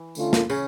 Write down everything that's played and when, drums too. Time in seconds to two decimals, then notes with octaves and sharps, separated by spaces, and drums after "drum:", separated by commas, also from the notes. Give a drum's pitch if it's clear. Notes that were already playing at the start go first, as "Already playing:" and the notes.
Already playing: E3
0.15 D3 A3 C#4 F4 A4, drum: tambourine
0.33 drum: snare
0.50 C#3 C#4, drum: tambourine